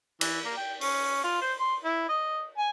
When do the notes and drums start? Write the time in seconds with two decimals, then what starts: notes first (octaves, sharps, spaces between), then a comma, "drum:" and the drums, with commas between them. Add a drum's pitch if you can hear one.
0.21 E3, drum: cymbal
0.45 A#3
0.57 G5
0.81 C#4, drum: open hi-hat
1.23 F4
1.41 C5
1.59 C6
1.84 E4
2.09 D#5
2.58 G#5